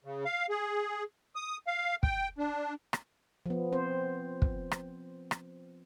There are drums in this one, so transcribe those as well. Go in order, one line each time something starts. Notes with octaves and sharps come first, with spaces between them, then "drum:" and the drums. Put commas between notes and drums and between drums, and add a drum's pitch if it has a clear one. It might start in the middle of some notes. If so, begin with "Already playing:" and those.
C#3
F5
G#4
D#6
F5
G5, drum: kick
D4
drum: rim click
F3 B3
C4 C5
drum: kick
drum: rim click
drum: rim click